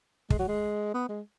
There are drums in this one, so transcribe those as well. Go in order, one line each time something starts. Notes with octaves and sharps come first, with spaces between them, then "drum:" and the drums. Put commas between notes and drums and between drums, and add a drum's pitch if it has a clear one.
G#3, drum: kick
F#3
G#3
B3
G#3